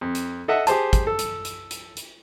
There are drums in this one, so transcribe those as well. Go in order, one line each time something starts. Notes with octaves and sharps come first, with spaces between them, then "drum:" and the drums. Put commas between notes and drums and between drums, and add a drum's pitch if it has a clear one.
F2
drum: hi-hat
A4 D#5 E5 F#5
G4 G#4 C5 A5, drum: hi-hat
drum: kick, hi-hat
A4
drum: hi-hat
drum: hi-hat
drum: hi-hat
drum: hi-hat